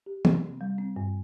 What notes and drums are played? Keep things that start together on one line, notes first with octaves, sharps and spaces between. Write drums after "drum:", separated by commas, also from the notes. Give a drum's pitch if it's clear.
G4
C3, drum: tom
C4
G3
C4
G2